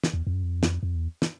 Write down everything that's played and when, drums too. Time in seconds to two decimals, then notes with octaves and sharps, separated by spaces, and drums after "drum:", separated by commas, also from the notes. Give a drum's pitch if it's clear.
0.04 drum: snare
0.14 E2
0.27 F2
0.33 F#2
0.43 F2
0.63 drum: snare
0.83 F2
0.95 E2
1.22 drum: snare